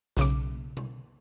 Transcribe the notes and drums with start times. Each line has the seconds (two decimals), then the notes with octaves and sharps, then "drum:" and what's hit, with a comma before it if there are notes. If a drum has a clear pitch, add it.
0.17 B1 C#3 D6, drum: snare
0.77 drum: tom B2